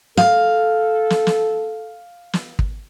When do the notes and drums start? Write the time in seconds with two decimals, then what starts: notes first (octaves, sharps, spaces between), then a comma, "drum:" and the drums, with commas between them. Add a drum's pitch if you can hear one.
0.17 A4 F5, drum: snare
1.10 drum: snare
1.27 drum: snare
2.33 drum: snare
2.59 drum: kick